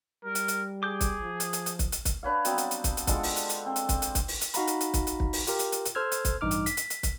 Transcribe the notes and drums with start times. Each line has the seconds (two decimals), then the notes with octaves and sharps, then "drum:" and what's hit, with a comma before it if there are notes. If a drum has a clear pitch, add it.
0.24 G3 A#4
0.35 drum: hi-hat
0.48 drum: hi-hat
0.83 G#4 D6 G6
1.01 drum: kick, hi-hat
1.22 F3
1.40 drum: hi-hat
1.53 drum: hi-hat
1.66 drum: hi-hat
1.79 drum: kick, hi-hat
1.92 drum: hi-hat
2.05 drum: kick, hi-hat
2.23 D4 B4 C#5 F5
2.45 F#3 G3 B3 C4, drum: hi-hat
2.58 drum: hi-hat
2.71 drum: hi-hat
2.84 drum: kick, hi-hat
2.97 drum: hi-hat
3.07 G#3 D4 F4 A4, drum: kick, hi-hat
3.23 drum: open hi-hat
3.36 drum: hi-hat
3.49 drum: hi-hat
3.66 C4
3.76 drum: hi-hat
3.89 drum: kick, hi-hat
4.02 drum: hi-hat
4.15 drum: kick, hi-hat
4.28 drum: open hi-hat
4.41 drum: hi-hat
4.54 D#4 F#4 F5 A#5 B5, drum: hi-hat
4.67 drum: hi-hat
4.80 drum: hi-hat
4.94 drum: kick, hi-hat
5.07 drum: hi-hat
5.20 drum: kick
5.33 drum: open hi-hat
5.47 F4 G4 A#4, drum: hi-hat
5.59 drum: hi-hat
5.72 drum: hi-hat
5.85 drum: hi-hat
5.95 A4 C5 E6 F6 G#6
6.12 drum: hi-hat
6.25 drum: kick, hi-hat
6.41 A1 G2 D#4 D6 F6
6.51 drum: hi-hat
6.66 B6, drum: hi-hat
6.77 drum: hi-hat
6.90 drum: hi-hat
7.03 drum: kick, hi-hat